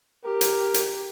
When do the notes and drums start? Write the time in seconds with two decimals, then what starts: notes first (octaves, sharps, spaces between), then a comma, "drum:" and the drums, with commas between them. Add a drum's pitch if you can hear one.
0.24 G4 A#4
0.41 drum: hi-hat
0.74 drum: hi-hat